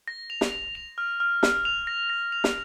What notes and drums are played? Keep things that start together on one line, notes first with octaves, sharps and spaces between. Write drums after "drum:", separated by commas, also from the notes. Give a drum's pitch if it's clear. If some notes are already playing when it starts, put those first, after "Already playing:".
A#6
F7
drum: snare
F7
F7
F6
F6
F6, drum: snare
F7
A#6
A#6
F7
drum: snare